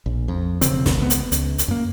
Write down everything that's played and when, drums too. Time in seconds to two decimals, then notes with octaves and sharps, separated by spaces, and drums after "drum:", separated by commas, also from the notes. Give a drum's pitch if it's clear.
0.06 A#1
0.28 F2
0.61 E1 C#3 C4, drum: hi-hat
0.86 drum: snare
0.98 C#2 G#3 B3
1.10 drum: hi-hat
1.32 C#2, drum: hi-hat
1.58 drum: hi-hat
1.68 F#2 A#3